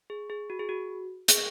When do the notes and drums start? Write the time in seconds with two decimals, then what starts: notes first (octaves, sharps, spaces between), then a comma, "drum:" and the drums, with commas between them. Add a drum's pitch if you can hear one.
0.10 G#4
0.30 G#4
0.50 F#4
0.59 G#4
0.69 F#4
1.28 G#4, drum: hi-hat